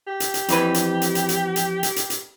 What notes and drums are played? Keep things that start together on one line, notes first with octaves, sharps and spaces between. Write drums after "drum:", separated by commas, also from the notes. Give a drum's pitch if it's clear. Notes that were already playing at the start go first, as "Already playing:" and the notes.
G4
drum: hi-hat
drum: hi-hat
F2 E3 B4, drum: hi-hat
drum: hi-hat
drum: hi-hat
drum: hi-hat
drum: hi-hat
drum: hi-hat
drum: hi-hat
drum: hi-hat
drum: hi-hat